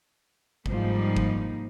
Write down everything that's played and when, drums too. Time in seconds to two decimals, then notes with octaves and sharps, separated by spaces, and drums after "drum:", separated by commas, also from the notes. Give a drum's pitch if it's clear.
0.66 G#2 F3 G3 A#3 D#4, drum: kick G1
1.17 drum: kick G1